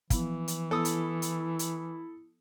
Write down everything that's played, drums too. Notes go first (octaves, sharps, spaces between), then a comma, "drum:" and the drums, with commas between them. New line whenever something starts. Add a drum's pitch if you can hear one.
E3 F3 B3 E4, drum: kick, hi-hat
drum: hi-hat
B3 E4 A4 D#6 E6
drum: hi-hat
drum: hi-hat
drum: hi-hat